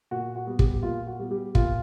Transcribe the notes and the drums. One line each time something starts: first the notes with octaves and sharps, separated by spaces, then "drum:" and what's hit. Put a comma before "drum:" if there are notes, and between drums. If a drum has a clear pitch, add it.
A#2 F#4
F#4
G3 B3
G3 G4, drum: kick
A#2 F4
F#4
G3 B3
G3 G4
A#2 F4, drum: kick